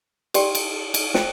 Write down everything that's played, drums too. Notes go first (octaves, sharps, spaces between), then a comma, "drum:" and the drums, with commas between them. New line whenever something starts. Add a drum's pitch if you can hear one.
G4 D5 G5 C6, drum: cymbal
drum: cymbal
drum: cymbal
C5 G5, drum: snare